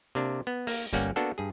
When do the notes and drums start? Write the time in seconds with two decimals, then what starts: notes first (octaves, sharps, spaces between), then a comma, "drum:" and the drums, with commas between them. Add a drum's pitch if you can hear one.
0.15 C3 A#3 D4
0.47 B3
0.67 A#3, drum: open hi-hat
0.93 G1 G3 A#3 C#4 F#5, drum: kick
1.16 A#3 B3 D4 F#4 A4
1.38 G2 G#4